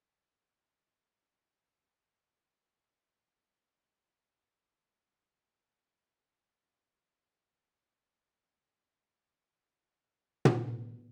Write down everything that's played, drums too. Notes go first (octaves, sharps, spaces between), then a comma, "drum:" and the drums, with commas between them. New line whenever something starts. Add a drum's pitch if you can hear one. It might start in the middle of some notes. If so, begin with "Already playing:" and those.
D6
B3 C#4
A#2 D#4 E4 G5
G5
B4
A#5
C#5
C4 D5 E5 A5 B5 C#6
drum: tom